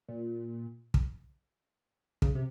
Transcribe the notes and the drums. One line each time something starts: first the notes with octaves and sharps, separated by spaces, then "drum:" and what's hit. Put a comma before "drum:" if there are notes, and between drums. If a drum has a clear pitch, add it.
A#2
drum: kick
C#3, drum: kick
C3